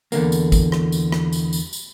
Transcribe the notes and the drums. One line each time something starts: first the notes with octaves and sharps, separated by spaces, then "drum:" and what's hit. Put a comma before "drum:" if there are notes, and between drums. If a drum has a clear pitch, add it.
E2 D3 A#3, drum: tambourine
drum: tambourine
drum: kick, tambourine
drum: rim click
drum: tambourine
drum: rim click
drum: tambourine
drum: tambourine
drum: tambourine